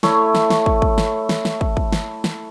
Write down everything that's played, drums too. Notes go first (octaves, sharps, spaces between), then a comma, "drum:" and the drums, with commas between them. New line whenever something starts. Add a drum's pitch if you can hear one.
A3 E4 C#5, drum: snare
drum: snare
drum: snare
drum: kick
drum: kick
drum: snare
drum: snare
drum: snare
drum: kick
drum: kick
drum: snare
drum: snare